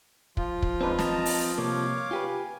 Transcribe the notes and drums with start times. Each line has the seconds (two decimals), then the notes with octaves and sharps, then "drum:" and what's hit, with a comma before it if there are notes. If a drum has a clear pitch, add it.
0.37 F3 F4, drum: kick
0.62 drum: kick
0.81 G#3 C4 D4 D#4 B4
0.99 D#5 A5 A#5, drum: snare
1.26 drum: open hi-hat
1.58 C3 G3 A#3 C#5 F5 D6
2.11 F4 G4 B4 G#5